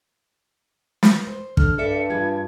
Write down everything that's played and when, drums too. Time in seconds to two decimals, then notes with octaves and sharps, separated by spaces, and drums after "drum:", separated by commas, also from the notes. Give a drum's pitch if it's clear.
1.03 drum: snare
1.27 C5
1.57 D4 A4 F6, drum: kick
1.78 G2 A4 D5 E5 C#7
2.10 G3 F4 G#4 G#6